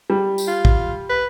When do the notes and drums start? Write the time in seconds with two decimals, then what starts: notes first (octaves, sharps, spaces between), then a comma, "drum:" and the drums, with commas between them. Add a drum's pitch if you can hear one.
0.10 G3
0.38 drum: tambourine
0.48 F4
0.65 drum: kick
1.10 B4